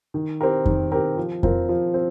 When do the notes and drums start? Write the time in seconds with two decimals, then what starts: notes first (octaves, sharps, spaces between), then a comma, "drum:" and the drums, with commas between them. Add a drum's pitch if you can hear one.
0.14 D#3
0.41 C4 G4 A#4
0.66 D#3, drum: kick F2
0.92 C4 G4 A#4
1.17 F3
1.43 C4 F4 A#4, drum: kick F2
1.69 F3
1.94 C4